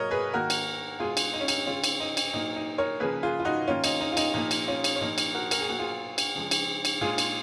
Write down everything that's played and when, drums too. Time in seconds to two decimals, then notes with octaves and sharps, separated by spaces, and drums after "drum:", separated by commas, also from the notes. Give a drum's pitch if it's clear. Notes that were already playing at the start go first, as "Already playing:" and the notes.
Already playing: B2 F#3 A#3 A#4 C#5 D#5
0.11 G#4 B4
0.33 D#3 A#3 F#4 A#4
0.50 drum: cymbal
1.00 B2 G#3 F4 G#4
1.17 drum: cymbal
1.33 D#4
1.41 C#4
1.48 D#4, drum: cymbal
1.67 C#3 G#3 C#4 F4
1.84 drum: cymbal
2.00 D#4
2.17 drum: cymbal
2.34 A#2 F#3 A#3 D#4
2.56 D#4
2.78 A#4 C#5
3.00 C#3 F3 A#3 G#4 B4
3.23 F4 G#4
3.40 F4
3.45 D#4 F#4
3.68 D#3 A#3 C#4 F4
3.84 D#4, drum: cymbal
4.01 D#4
4.13 F4
4.17 D#4, drum: cymbal
4.34 A#2 F3 A#3 D#4
4.51 drum: cymbal
4.68 C#4 F4
4.84 drum: cymbal
4.96 C#4
5.01 A#2 F3 A#3 D#4
5.18 drum: cymbal
5.34 F#4 A#4
5.51 A#4, drum: cymbal
5.60 G#4
5.68 B2 F#3 A#3 F#4
5.79 F4 G#4
6.18 drum: cymbal
6.35 C#3 F3 G#3
6.51 drum: cymbal
6.85 drum: cymbal
7.01 A#2 G#3 F4 G#4
7.18 drum: cymbal